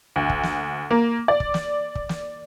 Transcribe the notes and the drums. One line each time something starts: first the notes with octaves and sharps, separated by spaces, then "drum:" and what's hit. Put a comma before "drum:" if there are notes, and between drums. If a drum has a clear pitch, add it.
D2
drum: kick
drum: snare
A#3
D5
drum: kick
drum: snare
drum: kick
drum: snare